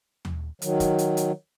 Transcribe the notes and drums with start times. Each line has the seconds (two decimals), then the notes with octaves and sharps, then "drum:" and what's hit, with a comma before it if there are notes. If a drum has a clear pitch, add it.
0.25 drum: tom D#2
0.62 D#3 F#3, drum: hi-hat
0.80 drum: kick, hi-hat
0.98 drum: hi-hat
1.17 drum: hi-hat